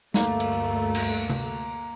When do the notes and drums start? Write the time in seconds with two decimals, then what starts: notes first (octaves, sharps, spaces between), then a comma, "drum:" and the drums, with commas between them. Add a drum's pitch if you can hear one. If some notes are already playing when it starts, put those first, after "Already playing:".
0.14 D2 G2 A3 A#3, drum: snare
0.40 drum: cymbal
0.95 drum: cymbal
1.30 drum: tom C3